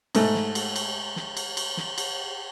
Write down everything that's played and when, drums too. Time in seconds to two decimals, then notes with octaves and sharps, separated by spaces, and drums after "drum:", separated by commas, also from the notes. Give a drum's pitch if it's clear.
0.15 G#2 A3, drum: cymbal
0.35 drum: snare
0.55 drum: cymbal
0.76 drum: cymbal
1.16 drum: snare
1.37 drum: cymbal
1.57 drum: cymbal
1.77 drum: snare
1.98 drum: cymbal